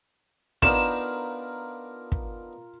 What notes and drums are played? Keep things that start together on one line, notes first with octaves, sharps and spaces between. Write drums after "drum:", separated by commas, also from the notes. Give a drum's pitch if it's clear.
B3 D4 D#4 F4 A#4 E7, drum: kick
drum: kick